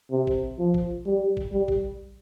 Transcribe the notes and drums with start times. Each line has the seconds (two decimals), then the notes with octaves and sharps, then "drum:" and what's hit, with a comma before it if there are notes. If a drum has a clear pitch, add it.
0.11 C3
0.27 drum: kick G#1
0.59 F3
0.74 drum: kick G#1
1.06 G3
1.37 drum: kick G#1
1.52 G3
1.68 drum: kick G#1